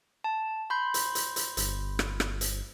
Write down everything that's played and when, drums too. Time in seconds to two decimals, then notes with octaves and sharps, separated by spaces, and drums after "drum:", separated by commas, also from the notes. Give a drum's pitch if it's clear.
0.24 A5
0.70 B5 C6 G6
0.94 drum: hi-hat
1.15 drum: hi-hat
1.36 drum: hi-hat
1.57 G1, drum: hi-hat
1.99 drum: rim click
2.20 drum: rim click
2.41 drum: hi-hat